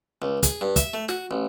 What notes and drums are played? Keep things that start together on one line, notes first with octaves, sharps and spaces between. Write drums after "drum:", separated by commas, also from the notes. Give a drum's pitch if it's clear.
C#2
G#4, drum: kick, hi-hat
G2
E5, drum: kick, hi-hat
A3
F#4, drum: snare
A1